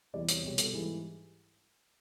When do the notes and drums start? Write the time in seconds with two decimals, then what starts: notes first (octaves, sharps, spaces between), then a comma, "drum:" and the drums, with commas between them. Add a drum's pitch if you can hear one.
0.13 E2 C3 E3 G3 D5
0.29 C#5, drum: hi-hat
0.43 C2 B2 G3 C#5
0.58 A4, drum: hi-hat
0.72 G#2 E3 G3